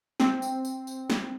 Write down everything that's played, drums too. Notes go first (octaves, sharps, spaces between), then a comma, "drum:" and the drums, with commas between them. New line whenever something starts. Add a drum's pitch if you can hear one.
C4, drum: snare
drum: tambourine
drum: tambourine
drum: tambourine
drum: snare